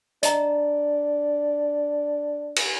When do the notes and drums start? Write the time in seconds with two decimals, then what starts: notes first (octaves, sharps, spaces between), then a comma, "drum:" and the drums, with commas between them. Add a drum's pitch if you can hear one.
0.23 D4 D#5 A#5, drum: hi-hat
2.56 drum: cymbal